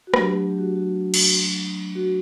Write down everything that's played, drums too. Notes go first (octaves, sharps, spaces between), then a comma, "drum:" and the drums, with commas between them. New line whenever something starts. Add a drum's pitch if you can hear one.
F#4
F#3 A3 D4 G4, drum: rim click
G4
F#4
F#4
drum: cymbal
F#4